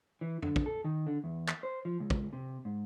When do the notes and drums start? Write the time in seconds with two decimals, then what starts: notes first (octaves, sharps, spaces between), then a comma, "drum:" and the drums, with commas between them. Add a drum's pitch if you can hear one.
0.21 E3
0.42 D3, drum: tom F2
0.56 drum: kick
0.66 A4
0.85 D#3
1.07 D3
1.24 E2
1.48 drum: clap
1.63 C5
1.85 F3
2.00 C#2
2.10 drum: kick
2.33 C3
2.65 G#2